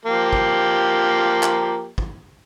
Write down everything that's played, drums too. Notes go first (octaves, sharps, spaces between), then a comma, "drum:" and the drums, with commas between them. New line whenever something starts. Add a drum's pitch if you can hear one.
F3 A#3 G4
drum: kick
drum: clap
drum: kick